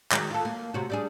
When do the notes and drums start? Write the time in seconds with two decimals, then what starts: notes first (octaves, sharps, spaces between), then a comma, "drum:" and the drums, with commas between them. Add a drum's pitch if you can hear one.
0.12 D#3 F#3 G#3, drum: clap
0.31 F4 A4
0.45 A#3
0.74 C3 C#4 F#4
0.90 G3 D4 G#4